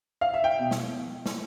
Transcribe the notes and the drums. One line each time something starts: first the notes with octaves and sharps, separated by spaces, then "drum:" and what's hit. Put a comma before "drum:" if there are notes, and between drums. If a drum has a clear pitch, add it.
F5
E5
G5
B2
drum: snare
drum: snare